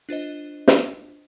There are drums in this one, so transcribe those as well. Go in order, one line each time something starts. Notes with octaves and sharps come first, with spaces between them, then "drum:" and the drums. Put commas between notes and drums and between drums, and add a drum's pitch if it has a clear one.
D4 F4 C5 D#5
drum: snare